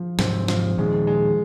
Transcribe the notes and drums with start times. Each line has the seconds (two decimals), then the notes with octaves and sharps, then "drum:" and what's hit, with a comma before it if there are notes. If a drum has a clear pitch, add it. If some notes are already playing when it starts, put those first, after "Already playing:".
Already playing: F3
0.19 G#2 C3 C4, drum: snare
0.48 F3, drum: snare
0.78 A#2 D#3 G#3
1.07 G#3